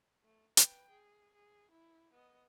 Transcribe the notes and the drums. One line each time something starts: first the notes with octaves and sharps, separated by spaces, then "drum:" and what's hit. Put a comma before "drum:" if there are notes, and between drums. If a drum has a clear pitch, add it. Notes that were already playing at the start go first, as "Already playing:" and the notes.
A3
B4 G5, drum: hi-hat
G#4
G#4
E4
B3 D#5